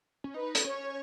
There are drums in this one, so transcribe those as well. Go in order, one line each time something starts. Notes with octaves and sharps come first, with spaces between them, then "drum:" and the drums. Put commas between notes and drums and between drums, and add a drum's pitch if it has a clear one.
C#4
D#4 B4
drum: hi-hat
C#4 C#5